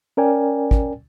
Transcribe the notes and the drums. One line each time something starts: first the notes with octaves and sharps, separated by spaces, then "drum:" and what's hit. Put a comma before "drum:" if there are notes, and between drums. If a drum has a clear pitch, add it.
C#4 A#4 D5 G5 G#5
drum: kick